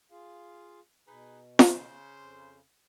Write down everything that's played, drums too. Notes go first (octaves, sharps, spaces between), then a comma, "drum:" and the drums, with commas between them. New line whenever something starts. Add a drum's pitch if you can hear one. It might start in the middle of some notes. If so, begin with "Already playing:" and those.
F4 G#4 F5
B2 D#4 G#4 B4
C#3 C5, drum: snare
F2